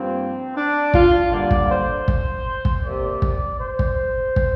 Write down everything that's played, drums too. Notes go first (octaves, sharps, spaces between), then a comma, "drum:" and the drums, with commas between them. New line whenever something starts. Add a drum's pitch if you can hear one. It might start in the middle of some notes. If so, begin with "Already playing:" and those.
Already playing: G2 F3 A#3 C4
D4
F4, drum: kick
G2 D3 A#3 D5
drum: kick
C5
drum: kick
drum: kick
C3 A#3 D5
drum: kick
C5
drum: kick
drum: kick